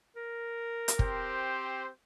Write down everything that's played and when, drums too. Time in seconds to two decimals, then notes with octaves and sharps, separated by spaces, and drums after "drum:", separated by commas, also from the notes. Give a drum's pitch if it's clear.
0.16 A#4
0.88 drum: hi-hat
0.99 C4 G4 C5, drum: kick